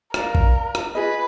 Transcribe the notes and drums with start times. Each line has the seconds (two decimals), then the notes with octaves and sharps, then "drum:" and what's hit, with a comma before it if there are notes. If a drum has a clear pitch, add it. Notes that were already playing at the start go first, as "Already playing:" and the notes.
0.14 A#4 B4 D5 F5, drum: rim click
0.35 drum: kick
0.75 drum: rim click
0.95 F4 G#4 B4 D#5